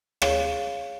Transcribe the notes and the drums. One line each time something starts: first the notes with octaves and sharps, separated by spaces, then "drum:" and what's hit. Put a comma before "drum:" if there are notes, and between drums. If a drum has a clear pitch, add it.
G#4 C#5 F5, drum: rim click